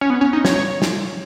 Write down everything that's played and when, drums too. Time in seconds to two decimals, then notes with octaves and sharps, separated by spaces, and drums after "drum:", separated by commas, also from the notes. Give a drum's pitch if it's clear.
0.01 C#4
0.10 B3
0.21 C#4
0.33 D#4
0.45 C#5, drum: snare
0.56 C#5
0.82 drum: snare